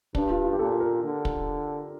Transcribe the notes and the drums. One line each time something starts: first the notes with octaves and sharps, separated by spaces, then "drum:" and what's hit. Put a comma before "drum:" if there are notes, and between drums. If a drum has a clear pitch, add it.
G2 D4, drum: kick
F4
F4
G4
A#2 A4
A#4
D3
drum: kick